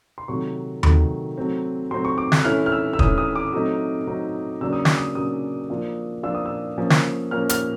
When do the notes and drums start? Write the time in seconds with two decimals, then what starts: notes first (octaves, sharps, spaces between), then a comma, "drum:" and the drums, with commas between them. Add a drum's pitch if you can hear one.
0.18 C6
0.28 C3 D#3 F#3 A3 C#6
0.83 C3 D#3 F#3 A3, drum: tom D#2
1.38 F#3 A3 C4
1.91 F#3 A3 C4 C6
2.05 C#6
2.18 D6
2.32 F#6, drum: snare
2.45 E3 A3 C#4 E4 F6
2.66 F6
2.72 E6
2.94 E6
2.99 E3 A3 C#4 E4 D#6, drum: kick
3.18 D#6
3.36 D6
3.53 F#3 A3 C4 D#4
4.07 F#3 A3 C4 D#4
4.61 C#3 F#3 A#3 D4 E6
4.73 D#6
4.85 D6, drum: snare
4.98 D#6
5.15 C#3 F#3 A#3 D4 D#6
5.70 F3 A#3 D4 F4
6.23 F3 A#3 D4 F4 E6
6.35 D#6
6.46 E6
6.78 F3 A#3 C#4
6.90 drum: snare
7.31 F3 A#3 C#4 F6
7.49 F6, drum: hi-hat